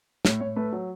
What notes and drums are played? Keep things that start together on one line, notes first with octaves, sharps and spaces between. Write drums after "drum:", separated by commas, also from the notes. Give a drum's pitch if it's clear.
A2 C#5, drum: snare
A2 C#5
A3 B4
F#3